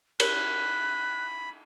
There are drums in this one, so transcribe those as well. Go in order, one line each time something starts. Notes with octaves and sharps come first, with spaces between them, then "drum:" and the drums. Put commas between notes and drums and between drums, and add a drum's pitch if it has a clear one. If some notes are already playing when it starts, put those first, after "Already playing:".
B5 F#6, drum: cymbal